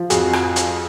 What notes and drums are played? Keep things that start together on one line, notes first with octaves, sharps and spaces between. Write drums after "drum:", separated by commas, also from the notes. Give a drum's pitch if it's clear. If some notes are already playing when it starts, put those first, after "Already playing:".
Already playing: F3
F2 F#4 G#4, drum: hi-hat
drum: rim click
drum: hi-hat